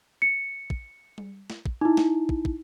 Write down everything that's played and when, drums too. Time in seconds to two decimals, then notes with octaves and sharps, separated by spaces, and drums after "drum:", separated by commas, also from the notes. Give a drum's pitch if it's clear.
0.22 C#7
0.70 drum: kick
1.18 drum: tom G3
1.50 drum: snare
1.66 drum: kick
1.81 D#4 E4
1.97 drum: snare
2.29 drum: kick
2.45 drum: kick